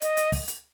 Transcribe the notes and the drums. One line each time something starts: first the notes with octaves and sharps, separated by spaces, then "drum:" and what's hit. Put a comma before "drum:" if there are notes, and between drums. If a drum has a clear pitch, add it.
D#5, drum: hi-hat
drum: hi-hat
drum: kick, open hi-hat
drum: hi-hat